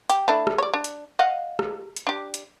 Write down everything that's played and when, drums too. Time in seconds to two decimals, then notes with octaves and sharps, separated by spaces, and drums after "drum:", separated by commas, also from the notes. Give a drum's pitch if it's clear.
0.10 G4, drum: hi-hat
0.28 A3 D4 E4
0.47 drum: rim click
0.58 C#5 D5
0.74 D4
0.84 drum: hi-hat
1.19 D#5 F5 F#5
1.59 drum: rim click
1.96 drum: hi-hat
2.07 D4 G4
2.34 drum: hi-hat